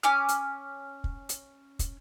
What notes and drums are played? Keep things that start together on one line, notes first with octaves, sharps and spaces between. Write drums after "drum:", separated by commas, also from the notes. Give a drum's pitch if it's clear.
C#4 G#5 D6 F6
drum: hi-hat
drum: kick
drum: hi-hat
drum: kick, hi-hat